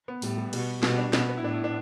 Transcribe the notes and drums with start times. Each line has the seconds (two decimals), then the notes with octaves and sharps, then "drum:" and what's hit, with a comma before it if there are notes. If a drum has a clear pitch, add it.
0.08 B3
0.22 A2 G3, drum: open hi-hat
0.38 G3
0.53 B2 G3, drum: cymbal
0.83 B2 G3, drum: snare
0.98 D4
1.13 B2 D4, drum: snare
1.29 B3
1.37 E4
1.44 A2 D4
1.54 E4
1.64 D4